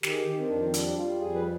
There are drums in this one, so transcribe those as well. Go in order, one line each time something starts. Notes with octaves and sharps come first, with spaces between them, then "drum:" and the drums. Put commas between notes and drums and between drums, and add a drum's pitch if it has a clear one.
D#3 G4, drum: snare
G#4
G4
D#3
C4
F2 D4
C4
G3 D4, drum: hi-hat
G3 F4
F2 G#4
B4